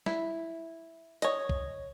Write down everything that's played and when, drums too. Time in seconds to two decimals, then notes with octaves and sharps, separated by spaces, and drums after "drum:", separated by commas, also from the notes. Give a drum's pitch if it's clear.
0.06 E4, drum: snare
1.22 C#5 D#5, drum: hi-hat
1.49 drum: kick